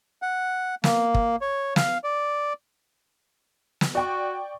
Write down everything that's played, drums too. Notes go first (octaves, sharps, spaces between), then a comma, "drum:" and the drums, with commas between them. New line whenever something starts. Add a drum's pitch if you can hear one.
F#5
A#3, drum: snare
drum: kick
C#5
F5, drum: snare
D5
drum: snare
F#4 D5 G5 C#6